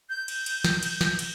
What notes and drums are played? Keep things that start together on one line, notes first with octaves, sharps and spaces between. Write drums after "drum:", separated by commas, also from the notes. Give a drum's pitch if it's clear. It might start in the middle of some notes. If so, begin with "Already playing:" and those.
G6
drum: cymbal
drum: cymbal
drum: snare
drum: cymbal
drum: snare
drum: cymbal